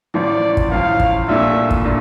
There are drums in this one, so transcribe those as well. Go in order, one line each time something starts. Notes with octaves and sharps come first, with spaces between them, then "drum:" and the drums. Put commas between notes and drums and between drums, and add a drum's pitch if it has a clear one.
A1 A2 F3 D5
drum: kick
A1 A2 F3 F5
drum: kick
C2 A#2 A3 D4 F4 E5
drum: kick
A#2 A3 D4 F4